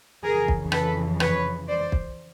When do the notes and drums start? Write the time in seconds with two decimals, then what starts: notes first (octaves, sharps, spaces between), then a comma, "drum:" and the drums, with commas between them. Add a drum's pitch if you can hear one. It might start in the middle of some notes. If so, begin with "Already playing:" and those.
0.24 F2 C#3 E3 G#4 A#4
0.48 drum: kick
0.72 A4 B4, drum: rim click
1.20 B4 C#5, drum: rim click
1.68 C5 D5
1.92 drum: kick